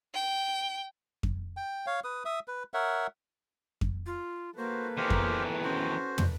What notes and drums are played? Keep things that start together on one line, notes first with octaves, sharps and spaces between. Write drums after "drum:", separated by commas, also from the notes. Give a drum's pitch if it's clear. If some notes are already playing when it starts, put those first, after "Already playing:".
G5
drum: kick F2
G5
C#5 F5
B4 D#6
E5 D#6
B4
A#4 C#5 E5 F#5
drum: kick F2
F4
A#3 F#4 A4 B4 C5
E2 D#3 G4 A#4 C5
drum: kick F2
C#4 F#4 C5
drum: tom